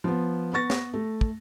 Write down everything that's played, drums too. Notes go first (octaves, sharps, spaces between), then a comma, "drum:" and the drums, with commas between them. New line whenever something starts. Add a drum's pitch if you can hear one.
F3 B3
B3 B4 C#6 A6 A#6
drum: snare
A3
drum: kick